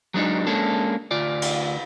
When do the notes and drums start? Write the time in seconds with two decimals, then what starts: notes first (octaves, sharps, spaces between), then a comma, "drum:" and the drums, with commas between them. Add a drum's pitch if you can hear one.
0.14 F#3 G#3 D4 D#4
0.47 G#3 A#3 C#4 D4 A4
1.11 D2 F4 D5
1.42 drum: cymbal